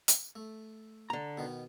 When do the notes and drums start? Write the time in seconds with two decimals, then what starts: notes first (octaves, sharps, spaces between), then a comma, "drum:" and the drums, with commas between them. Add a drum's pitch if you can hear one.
0.08 drum: hi-hat
0.36 A3
1.10 D3 A#5
1.37 B2 D#3 B3